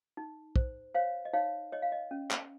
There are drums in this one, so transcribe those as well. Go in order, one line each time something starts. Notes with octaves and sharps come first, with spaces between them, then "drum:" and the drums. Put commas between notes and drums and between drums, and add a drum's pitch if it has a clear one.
D#4
C5, drum: kick
C5 C#5 F5
D#5
D#4 C#5 F5
C#5 D#5
F5
D#5
C#4
drum: clap